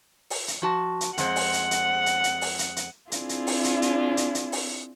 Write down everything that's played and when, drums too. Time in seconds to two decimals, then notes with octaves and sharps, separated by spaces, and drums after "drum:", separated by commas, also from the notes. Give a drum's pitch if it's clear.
0.30 drum: open hi-hat
0.48 drum: hi-hat
0.62 F3 F#4 A5
1.01 drum: hi-hat
1.18 F2 G#3 C4 F#5, drum: hi-hat
1.36 drum: open hi-hat
1.53 drum: hi-hat
1.71 drum: hi-hat
2.06 drum: hi-hat
2.24 drum: hi-hat
2.41 drum: open hi-hat
2.59 drum: hi-hat
2.76 drum: hi-hat
3.12 C4 D4 E4 F4 G#4, drum: hi-hat
3.29 drum: hi-hat
3.47 drum: open hi-hat
3.64 drum: hi-hat
3.82 drum: hi-hat
4.17 drum: hi-hat
4.35 drum: hi-hat
4.52 drum: open hi-hat